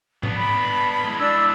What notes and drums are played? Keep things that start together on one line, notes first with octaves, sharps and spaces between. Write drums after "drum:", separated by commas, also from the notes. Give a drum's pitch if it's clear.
B3 D4, drum: tom G#2
B5
G#3 E4
D4 E6